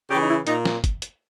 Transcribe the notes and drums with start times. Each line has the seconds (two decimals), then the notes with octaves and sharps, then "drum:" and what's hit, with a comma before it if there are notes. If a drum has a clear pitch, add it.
0.10 C#3 E3 G4
0.22 D#4
0.29 E4
0.47 A#2 D#4, drum: hi-hat
0.65 drum: snare
0.84 drum: kick, hi-hat
1.02 drum: hi-hat